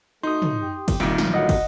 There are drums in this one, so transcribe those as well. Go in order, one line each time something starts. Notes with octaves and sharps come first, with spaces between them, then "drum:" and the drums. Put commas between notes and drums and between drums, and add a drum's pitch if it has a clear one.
A3 D#4 F#4 C6 D#6
drum: tom
G4
drum: kick, cymbal
C2 A#2 D#3
drum: snare
D3 F#3 D#5 F#5
drum: kick, cymbal